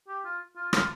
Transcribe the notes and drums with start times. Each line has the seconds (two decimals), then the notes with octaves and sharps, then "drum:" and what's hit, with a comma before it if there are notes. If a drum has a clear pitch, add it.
0.08 G4
0.25 F4
0.56 F4
0.73 F4, drum: rim click